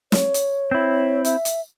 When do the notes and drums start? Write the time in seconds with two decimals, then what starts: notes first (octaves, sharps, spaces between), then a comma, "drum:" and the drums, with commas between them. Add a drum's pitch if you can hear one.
0.12 C#5, drum: snare
0.34 drum: hi-hat
0.71 C4 E4
1.25 E5, drum: hi-hat
1.45 drum: hi-hat